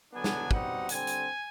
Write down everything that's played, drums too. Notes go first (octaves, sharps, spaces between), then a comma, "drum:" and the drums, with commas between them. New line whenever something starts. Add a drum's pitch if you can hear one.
D3 F#3 B3 D4 G#5
drum: snare
B2 G3 C4 D#4 F#5, drum: kick
D3 G3 C4 G#5, drum: hi-hat
drum: hi-hat